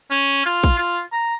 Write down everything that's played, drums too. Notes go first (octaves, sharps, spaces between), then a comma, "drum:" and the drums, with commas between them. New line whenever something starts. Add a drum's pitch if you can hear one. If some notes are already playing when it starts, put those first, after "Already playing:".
C#4
F4
drum: kick
F4
A#5